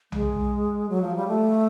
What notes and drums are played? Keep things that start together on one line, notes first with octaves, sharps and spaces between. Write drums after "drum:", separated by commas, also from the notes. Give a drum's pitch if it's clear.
G#3, drum: tom B1
F#3
F3
G3
A3